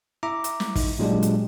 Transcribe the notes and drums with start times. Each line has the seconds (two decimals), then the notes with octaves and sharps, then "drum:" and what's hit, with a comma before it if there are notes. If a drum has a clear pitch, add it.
0.23 E4 E5 A#5 D6
0.44 drum: hi-hat
0.60 drum: snare
0.76 D#4, drum: kick, open hi-hat
0.99 A#2 F#3 G#3 D4 G4
1.23 drum: hi-hat